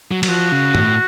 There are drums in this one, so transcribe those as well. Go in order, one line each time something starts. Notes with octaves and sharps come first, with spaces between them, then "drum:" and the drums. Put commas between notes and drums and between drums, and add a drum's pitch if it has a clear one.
F#3
F#3, drum: cymbal
F3 F#4
C#3
A2, drum: tom G2